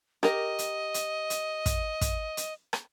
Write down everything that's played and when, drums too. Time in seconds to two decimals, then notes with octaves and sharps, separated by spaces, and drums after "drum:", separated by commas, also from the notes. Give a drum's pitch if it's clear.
0.23 G4 A#4 D#5, drum: rim click
0.59 drum: hi-hat
0.94 drum: hi-hat
1.30 drum: hi-hat
1.66 drum: kick, hi-hat
2.01 drum: kick, hi-hat
2.37 drum: hi-hat
2.73 drum: rim click